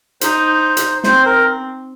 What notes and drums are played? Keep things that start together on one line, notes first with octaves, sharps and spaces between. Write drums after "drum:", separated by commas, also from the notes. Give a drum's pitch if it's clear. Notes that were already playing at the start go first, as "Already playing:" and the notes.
D#4 C5, drum: hi-hat
drum: hi-hat
C4 C5, drum: snare
A#4